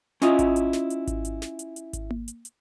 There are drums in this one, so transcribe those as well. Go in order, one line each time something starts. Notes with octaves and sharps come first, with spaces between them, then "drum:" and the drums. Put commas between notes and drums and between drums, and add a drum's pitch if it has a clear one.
C#4 E4 F4 D#5, drum: snare
drum: kick G#1, hi-hat
drum: hi-hat
drum: snare
drum: hi-hat
drum: kick G#1, hi-hat
drum: hi-hat
drum: snare
drum: hi-hat
drum: hi-hat
drum: kick G#1, hi-hat
drum: tom A#3
drum: hi-hat
drum: hi-hat